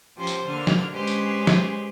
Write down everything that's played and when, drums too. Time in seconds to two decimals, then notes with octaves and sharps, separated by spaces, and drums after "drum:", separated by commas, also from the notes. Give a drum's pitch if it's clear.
0.17 F3 C#4 G4 C5
0.27 drum: tambourine
0.47 D3 A#3 F6
0.67 drum: snare
0.93 G#3 C#4 G4 G#4 B4 C5
1.07 drum: tambourine
1.47 drum: snare